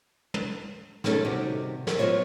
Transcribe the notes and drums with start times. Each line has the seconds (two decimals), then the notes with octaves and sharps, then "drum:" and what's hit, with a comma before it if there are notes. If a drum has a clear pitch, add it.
0.34 drum: tom
1.04 D#3 A3 C#4 G#4 A4, drum: snare
1.25 C3 D#3 G3 F#4 G4
1.87 drum: snare
1.98 F#3 B3 F4 C5 C#5 D#5